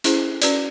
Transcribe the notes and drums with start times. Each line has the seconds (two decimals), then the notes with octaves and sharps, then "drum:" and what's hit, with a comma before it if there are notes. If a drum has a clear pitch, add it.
0.04 C#4 E4 G#4 C5, drum: hi-hat
0.42 C#4 F#4 B4 D5, drum: hi-hat